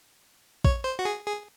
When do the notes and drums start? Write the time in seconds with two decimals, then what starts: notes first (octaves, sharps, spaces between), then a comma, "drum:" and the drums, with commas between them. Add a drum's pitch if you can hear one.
0.64 C#5, drum: kick A#1
0.84 C5
0.99 F#4
1.05 G#4
1.27 G#4